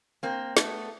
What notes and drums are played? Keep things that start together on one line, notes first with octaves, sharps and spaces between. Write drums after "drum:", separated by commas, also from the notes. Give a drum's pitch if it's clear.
A#3 C4
A3 B3, drum: snare